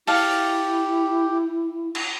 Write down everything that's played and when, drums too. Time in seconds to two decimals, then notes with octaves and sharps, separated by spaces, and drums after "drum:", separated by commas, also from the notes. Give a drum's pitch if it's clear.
0.07 E4 G4 F5 A5, drum: open hi-hat
1.95 drum: cymbal